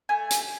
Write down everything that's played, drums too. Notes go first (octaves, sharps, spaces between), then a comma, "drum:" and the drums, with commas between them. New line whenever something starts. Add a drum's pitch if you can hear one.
A3 G#5
G4, drum: hi-hat